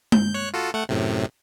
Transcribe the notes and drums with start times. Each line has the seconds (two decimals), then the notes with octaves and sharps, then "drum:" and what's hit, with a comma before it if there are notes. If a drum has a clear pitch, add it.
0.12 G6, drum: tom G#3
0.34 C#5 F#6
0.53 F4 F#4 A4
0.74 A3 F#5
0.89 F#2 A2 C3